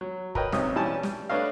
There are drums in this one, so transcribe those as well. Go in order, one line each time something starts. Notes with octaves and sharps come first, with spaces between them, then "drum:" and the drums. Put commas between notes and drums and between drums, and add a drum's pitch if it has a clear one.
F#3
A#4 B4 C#5 D#5 G5, drum: kick
B1 C3 C#4 D#6, drum: snare
E3 G3 C#4 A5
G3, drum: snare
A3 D4 B4 C#5 D#5 F5